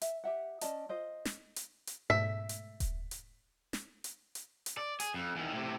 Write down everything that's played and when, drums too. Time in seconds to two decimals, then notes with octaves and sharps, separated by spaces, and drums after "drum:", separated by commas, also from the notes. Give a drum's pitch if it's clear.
0.02 E5, drum: hi-hat
0.24 G4 E5 F#5
0.61 C#4 D5 D#5 A5, drum: hi-hat
0.89 F4 C5 D#5
1.25 drum: snare
1.56 drum: hi-hat
1.87 drum: hi-hat
2.10 G#2 B2 A3 E5 B6
2.49 drum: hi-hat
2.80 drum: kick D#1, hi-hat
3.11 drum: hi-hat
3.73 drum: snare
4.04 drum: hi-hat
4.35 drum: hi-hat
4.66 drum: hi-hat
4.77 D5
5.00 G#4, drum: hi-hat
5.14 F2
5.36 E2 D#3
5.53 A2 C3